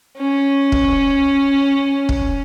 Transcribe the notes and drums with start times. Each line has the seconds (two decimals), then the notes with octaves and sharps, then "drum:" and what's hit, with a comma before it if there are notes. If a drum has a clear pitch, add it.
0.17 C#4
0.72 drum: kick
2.09 drum: kick